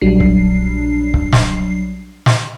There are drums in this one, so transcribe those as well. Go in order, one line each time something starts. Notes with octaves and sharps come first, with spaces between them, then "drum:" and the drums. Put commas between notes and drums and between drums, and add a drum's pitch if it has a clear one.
A#1 F#3 G3 D4 C7
drum: kick C#1
drum: kick C#1
drum: snare
drum: snare